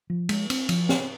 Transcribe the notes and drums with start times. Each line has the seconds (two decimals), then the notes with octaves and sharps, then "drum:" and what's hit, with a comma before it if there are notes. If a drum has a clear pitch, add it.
0.10 F3
0.29 G#3, drum: cymbal
0.50 C4, drum: cymbal
0.69 F3, drum: cymbal
0.89 drum: snare